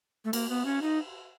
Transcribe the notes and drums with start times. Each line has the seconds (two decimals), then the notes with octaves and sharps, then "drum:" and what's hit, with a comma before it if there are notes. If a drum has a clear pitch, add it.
0.25 A3
0.33 A#3, drum: cymbal
0.49 B3
0.65 C#4
0.82 D#4